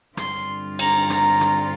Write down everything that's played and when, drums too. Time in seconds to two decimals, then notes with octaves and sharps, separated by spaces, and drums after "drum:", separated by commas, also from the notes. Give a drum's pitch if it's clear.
0.17 G2 D3 G3 C4 F4 C6, drum: rim click
0.79 A#5, drum: cymbal
1.10 A#5, drum: rim click
1.41 drum: rim click